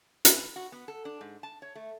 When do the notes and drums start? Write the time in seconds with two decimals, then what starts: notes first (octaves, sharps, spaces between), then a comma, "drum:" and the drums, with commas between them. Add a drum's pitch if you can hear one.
0.25 B4, drum: hi-hat
0.56 F#4
0.72 B3
0.88 A4
1.05 D4
1.21 G#2
1.43 A5
1.62 C#5
1.75 A3